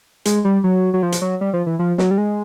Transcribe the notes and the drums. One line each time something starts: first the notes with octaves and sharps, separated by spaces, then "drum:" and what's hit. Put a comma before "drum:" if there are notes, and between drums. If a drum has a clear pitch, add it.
G#3, drum: hi-hat
G3
F#3
F#3
F3
drum: hi-hat
F#3
G3
F3
E3
F3
F#3, drum: snare
G3
G#3